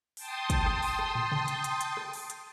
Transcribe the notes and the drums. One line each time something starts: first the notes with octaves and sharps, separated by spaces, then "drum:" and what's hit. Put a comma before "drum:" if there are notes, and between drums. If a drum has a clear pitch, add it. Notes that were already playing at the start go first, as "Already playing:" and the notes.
G5 A5 C6 D#6, drum: open hi-hat
drum: kick, hi-hat
drum: rim click
drum: open hi-hat
drum: rim click
drum: tom
drum: tom C3
drum: hi-hat
drum: hi-hat
drum: hi-hat
drum: rim click
drum: open hi-hat
drum: hi-hat